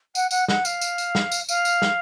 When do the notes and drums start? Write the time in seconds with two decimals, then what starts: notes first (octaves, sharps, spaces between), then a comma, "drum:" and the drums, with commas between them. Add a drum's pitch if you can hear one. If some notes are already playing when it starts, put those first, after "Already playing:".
0.15 F#5, drum: tambourine
0.31 F#5, drum: tambourine
0.48 F#5, drum: snare
0.65 F5, drum: tambourine
0.81 drum: tambourine
0.98 drum: tambourine
1.15 drum: snare
1.32 drum: tambourine
1.49 F5, drum: tambourine
1.65 drum: tambourine
1.82 drum: snare